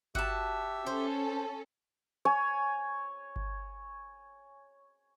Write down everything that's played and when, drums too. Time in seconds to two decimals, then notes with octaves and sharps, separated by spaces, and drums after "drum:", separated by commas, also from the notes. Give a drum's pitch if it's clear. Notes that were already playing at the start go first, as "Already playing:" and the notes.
0.15 F#4 G4 E5 A5 E6, drum: kick G1
0.87 C#4 A4 C5
2.25 C#5 G#5
3.36 drum: kick G1